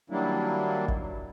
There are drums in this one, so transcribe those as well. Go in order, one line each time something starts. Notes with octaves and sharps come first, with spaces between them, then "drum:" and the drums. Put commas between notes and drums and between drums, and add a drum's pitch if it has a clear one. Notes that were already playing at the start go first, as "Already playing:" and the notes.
D#3 F#3 G3 A#3 D4 E4
drum: kick G1